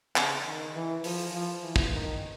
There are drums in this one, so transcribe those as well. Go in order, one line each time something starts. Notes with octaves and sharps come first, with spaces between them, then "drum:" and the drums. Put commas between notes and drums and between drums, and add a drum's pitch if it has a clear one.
C#3, drum: clap
D#3
E3
F3, drum: open hi-hat
F3
E3
drum: kick
D#3